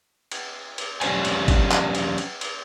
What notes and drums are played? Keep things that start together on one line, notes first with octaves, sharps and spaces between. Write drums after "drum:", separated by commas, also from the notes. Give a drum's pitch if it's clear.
drum: cymbal
drum: cymbal
F#3 C#4 G4 C5 D5 G#5, drum: cymbal
drum: cymbal
drum: kick G1, cymbal
drum: clap
drum: cymbal
drum: cymbal
drum: cymbal